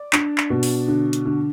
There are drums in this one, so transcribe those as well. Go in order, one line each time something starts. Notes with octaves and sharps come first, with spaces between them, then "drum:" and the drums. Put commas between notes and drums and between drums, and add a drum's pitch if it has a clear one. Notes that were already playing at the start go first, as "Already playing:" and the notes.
Already playing: D5
D4, drum: clap
drum: clap
B2
drum: open hi-hat
D3
drum: hi-hat
D3